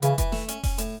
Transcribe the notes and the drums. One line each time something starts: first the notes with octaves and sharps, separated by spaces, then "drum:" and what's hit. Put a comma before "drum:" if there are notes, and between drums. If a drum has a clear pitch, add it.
C#3 E3, drum: hi-hat
E3, drum: kick F1, hi-hat
A3, drum: snare
C#4, drum: hi-hat
C#4, drum: kick F1, open hi-hat
A2, drum: hi-hat